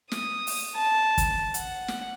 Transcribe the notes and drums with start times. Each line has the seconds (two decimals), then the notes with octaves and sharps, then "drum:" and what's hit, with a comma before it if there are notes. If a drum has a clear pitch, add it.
0.11 D#6, drum: snare
0.47 drum: open hi-hat
0.75 A5
1.18 drum: kick, hi-hat
1.54 F#5, drum: hi-hat
1.88 drum: snare